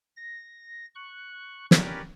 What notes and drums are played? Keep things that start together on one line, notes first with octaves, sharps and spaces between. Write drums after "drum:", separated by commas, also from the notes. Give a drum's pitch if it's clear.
A#6
C#6 F#6
C#4 G4 A#4 B4 D5, drum: snare